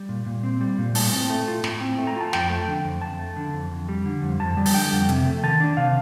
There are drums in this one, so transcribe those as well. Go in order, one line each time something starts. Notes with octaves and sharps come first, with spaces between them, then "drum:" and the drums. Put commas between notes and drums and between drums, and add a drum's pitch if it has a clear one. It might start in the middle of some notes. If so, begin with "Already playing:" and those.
Already playing: G3
A#2
A#2
C4
G3
A#2
A2 A5, drum: open hi-hat
C4
A3
F4
A2, drum: snare
C4
A3
A#5
F4 A5
F2 G5, drum: snare
A3
D3
F2
F2 A5
A3
D3
F2
F2
G3
D3
F2
F2 A5
G3
A5, drum: open hi-hat
D3 G5
F2
C3, drum: hi-hat
A3
D#3 A5
D4
C3 F5